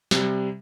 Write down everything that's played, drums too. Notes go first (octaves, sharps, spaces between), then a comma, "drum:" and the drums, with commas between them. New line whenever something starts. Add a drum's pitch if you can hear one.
C3 G3, drum: snare